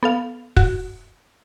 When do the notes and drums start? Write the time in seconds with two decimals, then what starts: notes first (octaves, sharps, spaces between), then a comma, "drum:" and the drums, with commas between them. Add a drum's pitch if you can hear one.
0.03 B3 A4 F5
0.57 F#4, drum: kick